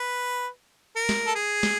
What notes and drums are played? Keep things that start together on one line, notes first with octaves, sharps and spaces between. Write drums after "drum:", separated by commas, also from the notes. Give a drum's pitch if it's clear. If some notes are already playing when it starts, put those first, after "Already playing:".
Already playing: B4
A#4
drum: snare
A4
G#4
drum: snare